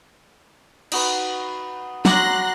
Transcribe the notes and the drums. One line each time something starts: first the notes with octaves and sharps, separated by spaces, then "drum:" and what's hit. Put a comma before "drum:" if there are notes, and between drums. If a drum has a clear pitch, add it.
D#4 F#4 B4, drum: cymbal
F#3 A#5 C6 D6 F#6 A#6, drum: snare